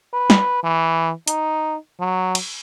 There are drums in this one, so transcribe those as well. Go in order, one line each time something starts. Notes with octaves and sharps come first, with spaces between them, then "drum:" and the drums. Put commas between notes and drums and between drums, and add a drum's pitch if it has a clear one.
B4
drum: snare
E3
D#4, drum: hi-hat
F#3
drum: cymbal